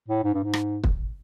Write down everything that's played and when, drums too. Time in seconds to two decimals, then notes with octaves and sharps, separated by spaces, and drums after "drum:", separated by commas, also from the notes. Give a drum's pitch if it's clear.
0.09 A2
0.24 G#2
0.34 G2
0.43 G#2
0.53 drum: rim click
0.84 drum: kick